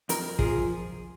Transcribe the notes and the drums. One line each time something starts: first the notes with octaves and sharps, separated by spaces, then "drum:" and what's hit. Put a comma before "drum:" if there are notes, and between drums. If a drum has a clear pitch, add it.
F2 A#4, drum: hi-hat
F3 G#4, drum: kick